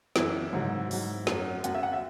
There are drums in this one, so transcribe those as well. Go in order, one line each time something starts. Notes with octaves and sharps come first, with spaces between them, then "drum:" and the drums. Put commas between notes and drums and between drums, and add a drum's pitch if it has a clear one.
F#2 E3 E4, drum: snare
G#2 F#3, drum: tom C3
G#2 F#3, drum: open hi-hat
F#2 F#3, drum: snare
F#2 F#3 F#5, drum: hi-hat
E5
F#5
E5